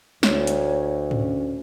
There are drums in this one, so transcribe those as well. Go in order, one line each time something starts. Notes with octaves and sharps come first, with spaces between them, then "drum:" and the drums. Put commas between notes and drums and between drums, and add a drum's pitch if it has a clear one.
D2 C#5, drum: snare
drum: hi-hat
C#4, drum: tom G#2